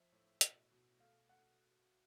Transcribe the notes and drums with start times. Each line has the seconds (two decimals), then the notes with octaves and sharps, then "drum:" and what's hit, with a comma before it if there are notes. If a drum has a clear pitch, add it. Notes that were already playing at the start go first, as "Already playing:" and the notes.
Already playing: F3 E5
0.12 A2
0.41 B2, drum: hi-hat
0.71 B2
0.99 A3 F5
1.29 A3 F#5